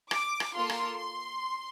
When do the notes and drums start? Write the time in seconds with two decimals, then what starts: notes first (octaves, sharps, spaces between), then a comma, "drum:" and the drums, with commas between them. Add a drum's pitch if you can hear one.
0.11 D6, drum: rim click
0.40 drum: rim click
0.55 A#3 F4 A4 C6
0.70 drum: rim click
0.99 C6